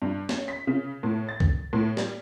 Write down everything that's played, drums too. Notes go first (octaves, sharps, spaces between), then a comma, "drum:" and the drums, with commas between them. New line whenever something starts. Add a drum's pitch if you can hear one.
G2
C#4, drum: snare
B6
C#3
A2
A6
drum: kick C2
A2
G3, drum: snare